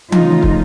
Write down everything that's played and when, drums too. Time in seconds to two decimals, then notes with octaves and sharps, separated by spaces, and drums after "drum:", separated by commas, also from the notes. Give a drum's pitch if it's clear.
0.12 C#3 F3 A3 D#4 F4, drum: tom E3
0.43 drum: kick